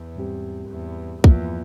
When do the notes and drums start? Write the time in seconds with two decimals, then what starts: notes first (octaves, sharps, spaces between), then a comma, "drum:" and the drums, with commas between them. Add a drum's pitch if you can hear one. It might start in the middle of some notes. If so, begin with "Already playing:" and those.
Already playing: E2
0.16 G#2 G3 C4 G4
0.70 E2
1.24 E2 G2 F3 A#3 F4, drum: kick